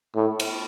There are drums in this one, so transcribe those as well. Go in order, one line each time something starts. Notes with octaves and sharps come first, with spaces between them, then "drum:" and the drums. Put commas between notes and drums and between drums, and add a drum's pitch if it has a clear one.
A2
drum: cymbal